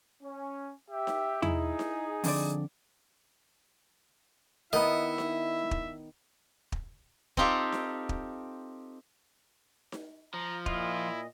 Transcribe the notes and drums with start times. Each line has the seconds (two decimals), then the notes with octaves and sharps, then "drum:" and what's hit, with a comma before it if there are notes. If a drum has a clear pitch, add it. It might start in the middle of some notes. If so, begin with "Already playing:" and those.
0.22 C#4
0.90 G4 E5
1.07 drum: snare D#4
1.42 D#4 E4 G#4, drum: tom E2
1.79 drum: snare D#4
2.24 F2 D3 D5, drum: open hi-hat
4.73 D#3 B3 E4 D#5 E5
5.18 drum: snare D#4
5.71 drum: kick
6.72 drum: kick
7.37 C4 D#4 F4 G4 A4, drum: kick
7.72 drum: snare D#4
8.09 drum: kick
9.92 drum: snare D#4
10.34 F3 A#5
10.66 A#2 E4 F4 D#5, drum: kick